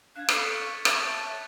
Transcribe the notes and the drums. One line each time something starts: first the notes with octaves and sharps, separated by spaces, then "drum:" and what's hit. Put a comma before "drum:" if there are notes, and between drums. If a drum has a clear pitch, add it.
D4 F5 F#6 G#6
A4 F5 C#6 A6 B6 C#7, drum: rim click
C#5 E5 A5, drum: rim click